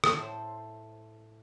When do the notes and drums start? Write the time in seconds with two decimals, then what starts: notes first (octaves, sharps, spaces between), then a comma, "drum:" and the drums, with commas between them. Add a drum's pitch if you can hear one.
0.04 drum: rim click
0.16 A2 A4 C5